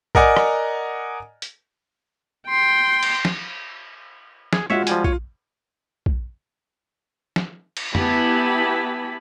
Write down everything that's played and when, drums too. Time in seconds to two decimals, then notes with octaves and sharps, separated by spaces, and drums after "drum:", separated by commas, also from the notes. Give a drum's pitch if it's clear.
0.15 A#4 D5 D#5 F#5 G#5 A#5, drum: kick
0.37 drum: rim click
1.42 drum: hi-hat
2.49 G5 C6
3.03 drum: cymbal
3.25 drum: snare
4.53 G#4, drum: snare
4.70 G#3 F4 F#4 C#5 E5 F5
4.87 F3 G3 G#5, drum: hi-hat
5.04 F4 C#5, drum: kick
6.06 drum: kick
7.36 drum: snare
7.77 drum: cymbal
7.95 B3 E4 G4 G#5 A5 B5, drum: tom